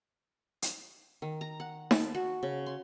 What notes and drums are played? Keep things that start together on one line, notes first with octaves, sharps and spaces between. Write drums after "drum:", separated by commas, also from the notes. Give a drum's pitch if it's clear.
drum: hi-hat
D#3
A#5
F#5
A5, drum: snare D#4
F#4
C#3
C6